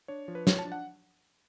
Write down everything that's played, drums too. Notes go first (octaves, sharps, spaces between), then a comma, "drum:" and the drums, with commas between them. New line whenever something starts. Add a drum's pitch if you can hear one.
D4 C#5
F3
B4
F3 C#5, drum: snare
A5
D4
F#5